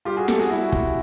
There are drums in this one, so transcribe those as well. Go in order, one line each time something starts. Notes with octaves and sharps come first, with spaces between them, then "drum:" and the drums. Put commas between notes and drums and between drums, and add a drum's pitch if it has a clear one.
G3 F4 G4
F#4 G#4
G3 G4 A4, drum: snare
F#4 G#4
G3 E4 F#4
C3, drum: kick